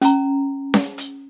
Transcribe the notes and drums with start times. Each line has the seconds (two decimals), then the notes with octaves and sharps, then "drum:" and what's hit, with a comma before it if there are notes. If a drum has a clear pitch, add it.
0.02 C#4 A#5, drum: hi-hat
0.74 drum: snare C#4
0.98 drum: hi-hat